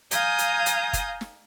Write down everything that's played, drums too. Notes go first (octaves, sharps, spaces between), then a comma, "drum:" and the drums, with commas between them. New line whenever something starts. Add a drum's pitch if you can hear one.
F5 G#5 A#5 D#6 G6, drum: hi-hat
drum: hi-hat
drum: hi-hat
drum: kick, hi-hat
drum: snare